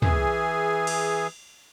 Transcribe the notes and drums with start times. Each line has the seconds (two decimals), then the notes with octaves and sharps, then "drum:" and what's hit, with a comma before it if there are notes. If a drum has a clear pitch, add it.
0.02 E3 G#4, drum: tom
0.87 drum: cymbal